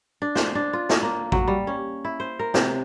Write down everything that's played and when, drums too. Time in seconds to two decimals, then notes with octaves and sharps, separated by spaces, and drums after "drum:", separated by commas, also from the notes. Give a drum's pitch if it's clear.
0.22 D4
0.35 C5, drum: snare
0.55 D4
0.73 F4
0.89 drum: snare
1.03 A#3
1.32 F#3, drum: kick A1
1.48 G3
1.67 C#4
2.05 E4
2.20 C5
2.39 A#4
2.54 C3, drum: snare